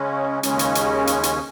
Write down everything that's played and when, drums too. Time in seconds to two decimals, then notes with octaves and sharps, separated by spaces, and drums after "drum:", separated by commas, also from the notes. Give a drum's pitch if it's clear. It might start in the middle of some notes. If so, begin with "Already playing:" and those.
Already playing: C#3 G#3 C#4
0.43 D#2 C#3 G#3 C#4, drum: hi-hat
0.59 drum: hi-hat
0.75 drum: hi-hat
1.07 drum: hi-hat
1.23 drum: hi-hat